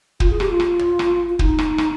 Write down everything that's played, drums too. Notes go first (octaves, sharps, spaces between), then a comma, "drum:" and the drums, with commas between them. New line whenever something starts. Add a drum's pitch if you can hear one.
F4, drum: kick
G#4
G4, drum: rim click
F4
drum: rim click
drum: tom
drum: rim click
F4
D#4, drum: kick
drum: rim click
drum: rim click